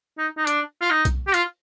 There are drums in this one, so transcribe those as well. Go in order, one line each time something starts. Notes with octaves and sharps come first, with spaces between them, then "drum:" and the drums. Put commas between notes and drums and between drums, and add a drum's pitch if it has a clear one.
D#4
D#4
D4, drum: hi-hat
F4
D#4
drum: kick B1, hi-hat
G4
F4, drum: hi-hat